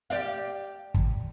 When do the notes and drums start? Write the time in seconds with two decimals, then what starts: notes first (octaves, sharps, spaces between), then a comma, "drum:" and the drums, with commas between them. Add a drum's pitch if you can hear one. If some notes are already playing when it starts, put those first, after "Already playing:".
0.10 G4 D5 F5
0.94 drum: kick